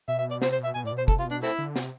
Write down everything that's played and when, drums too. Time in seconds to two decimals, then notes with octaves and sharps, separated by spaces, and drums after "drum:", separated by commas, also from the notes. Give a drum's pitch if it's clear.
0.08 B2 E5
0.19 E5
0.31 D5
0.42 C3 C5, drum: snare
0.52 C5
0.59 B2
0.64 E5
0.75 B2 G#5
0.84 A2 D5
0.92 B2
0.98 C5
1.08 C3 A4, drum: kick
1.19 F4
1.25 B2
1.31 D4
1.43 A3 C4 E4
1.59 D3
1.76 C3, drum: snare